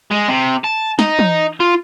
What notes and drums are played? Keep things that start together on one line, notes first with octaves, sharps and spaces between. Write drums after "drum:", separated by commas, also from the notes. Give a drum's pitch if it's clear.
G#3
C3
A5
D#4, drum: snare
drum: tom
F4